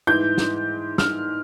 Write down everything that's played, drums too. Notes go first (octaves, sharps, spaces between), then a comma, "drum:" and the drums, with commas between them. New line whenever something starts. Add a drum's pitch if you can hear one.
G#2 E3 G6
drum: snare
F6, drum: snare